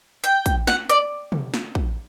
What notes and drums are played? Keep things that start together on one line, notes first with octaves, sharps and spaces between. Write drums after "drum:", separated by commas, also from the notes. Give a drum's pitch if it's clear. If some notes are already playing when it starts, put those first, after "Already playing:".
G5, drum: hi-hat
drum: kick, hi-hat
F#5, drum: snare
D5, drum: hi-hat
drum: tom
drum: snare
drum: kick